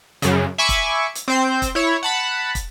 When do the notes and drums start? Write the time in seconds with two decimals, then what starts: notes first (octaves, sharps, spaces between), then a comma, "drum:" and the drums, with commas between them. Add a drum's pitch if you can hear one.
0.22 F#2 C#3, drum: hi-hat
0.58 E5 G#5 B5 C#6 D6
0.69 drum: kick, hi-hat
1.15 drum: hi-hat
1.28 C4 C5 G6
1.62 drum: kick, hi-hat
1.75 E4 C#5
2.03 F#5 A5 B5
2.55 drum: kick, hi-hat